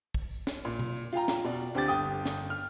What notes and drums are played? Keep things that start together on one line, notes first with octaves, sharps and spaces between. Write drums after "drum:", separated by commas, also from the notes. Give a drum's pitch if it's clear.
drum: kick
drum: tambourine
drum: snare
A#2, drum: tambourine
drum: tom B2
drum: tambourine
F4 F5 G5 A#5
drum: snare
B2 D5
D2 C4 G4 D6 A6
G1 G5 D#6
drum: snare
F6